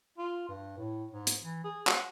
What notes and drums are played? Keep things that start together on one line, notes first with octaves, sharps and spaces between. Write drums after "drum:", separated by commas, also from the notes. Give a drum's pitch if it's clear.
F4
G2
A2
G#2
drum: hi-hat
E3
G#4
F#4, drum: clap